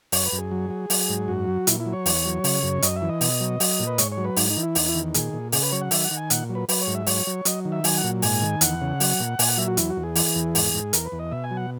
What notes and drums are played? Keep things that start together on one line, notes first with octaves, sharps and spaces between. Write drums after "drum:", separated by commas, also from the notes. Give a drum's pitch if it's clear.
F#2 C#5, drum: open hi-hat
B4
F#2
G#4
F#3
F#3
F#3, drum: open hi-hat
G#2
F#2 F#4
F#3
A#2 E4, drum: hi-hat
E4
F#3
C#5
E2, drum: open hi-hat
F#3
C#3, drum: open hi-hat
F#2
F#2 D#5, drum: hi-hat
E5
E3
D#5
B2, drum: open hi-hat
F#3
F#3, drum: open hi-hat
A#2
B4
G#2 C#5, drum: hi-hat
C#5
F#3
B4
G#2 D#4, drum: open hi-hat
D#4
E3
E4
E2 D#4, drum: open hi-hat
E4
D#3
A#2 G#4, drum: hi-hat
A#2
C#3 G#4, drum: open hi-hat
B4
F#3 C#5
F#5
D#3 E5, drum: open hi-hat
F#5
D#3
G#5
A#2 F#5, drum: hi-hat
F#3
B4
F#3 B4, drum: open hi-hat
C#5
G#2
E5
F#3 C#5, drum: open hi-hat
F#3
F#3 D#5, drum: hi-hat
D#3
E5
F#3 G#5, drum: open hi-hat
F#5
A#2
G#2 G#5, drum: open hi-hat
D#3
E2 F#5, drum: hi-hat
C#3
F#3, drum: open hi-hat
A#2
A#2 G#5, drum: open hi-hat
F#5
F#3 E5
F#4
E2 E4, drum: hi-hat
F#4
E2
G#4
E3, drum: open hi-hat
E2
G#2, drum: open hi-hat
G#2
E2 A#4, drum: hi-hat
B4
E2
D#5
B2 E5
G#5
F#3
F#5